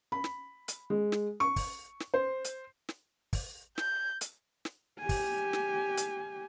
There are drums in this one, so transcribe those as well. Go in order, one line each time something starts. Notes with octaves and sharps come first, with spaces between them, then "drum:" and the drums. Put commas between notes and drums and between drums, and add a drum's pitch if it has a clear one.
B5
drum: snare
drum: hi-hat
G#3
drum: snare
C#6
drum: kick, open hi-hat
drum: snare
C5
drum: hi-hat
drum: snare
drum: kick, open hi-hat
G6, drum: snare
drum: hi-hat
drum: snare
G4 G#5
drum: kick, open hi-hat
drum: snare
drum: hi-hat